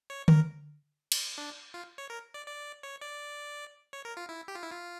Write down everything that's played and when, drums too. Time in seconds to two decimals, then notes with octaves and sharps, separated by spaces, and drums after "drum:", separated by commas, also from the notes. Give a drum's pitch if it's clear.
0.10 C#5
0.28 A#4, drum: tom D3
1.12 drum: cymbal
1.38 D4
1.74 F4
1.98 C#5
2.10 A#4
2.34 D5
2.47 D5
2.83 C#5
3.01 D5
3.93 C#5
4.05 A#4
4.17 F4
4.29 E4
4.48 G4
4.55 F4
4.63 E4
4.72 F4